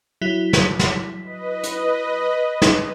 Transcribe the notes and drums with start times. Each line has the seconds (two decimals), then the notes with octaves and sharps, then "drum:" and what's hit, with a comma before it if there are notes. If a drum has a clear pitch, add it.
0.21 F#3 E4 B6
0.53 drum: snare
0.79 drum: snare
1.23 B4 D#5
1.63 drum: hi-hat
2.62 drum: snare